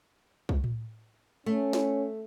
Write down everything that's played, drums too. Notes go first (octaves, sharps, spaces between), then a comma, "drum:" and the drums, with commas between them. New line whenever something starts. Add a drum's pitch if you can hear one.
drum: kick C2
drum: tom A2
A3 C#4
drum: snare